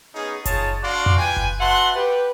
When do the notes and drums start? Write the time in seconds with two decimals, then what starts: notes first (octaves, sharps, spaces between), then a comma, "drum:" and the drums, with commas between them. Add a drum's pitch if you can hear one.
0.15 B3 C#4 D#4 G#4
0.45 D#4 F4 G#4 C#5 A5, drum: kick F#1, hi-hat
0.83 D4 F#4 D5 F5 C6 D6
1.06 drum: tom F2
1.17 F4 B4 G5 G#5
1.37 drum: kick F#1
1.60 F#4 B4 E5 F#5 A5 C6
1.96 G4 B4